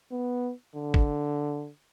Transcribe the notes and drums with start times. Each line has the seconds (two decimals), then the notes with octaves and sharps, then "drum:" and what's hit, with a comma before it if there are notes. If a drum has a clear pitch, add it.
0.11 B3
0.75 D3
0.94 drum: kick